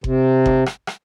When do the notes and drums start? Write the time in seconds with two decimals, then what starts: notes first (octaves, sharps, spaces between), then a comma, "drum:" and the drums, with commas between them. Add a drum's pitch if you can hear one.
0.04 C3, drum: kick F#1
0.46 drum: kick F#1
0.66 drum: rim click
0.87 drum: rim click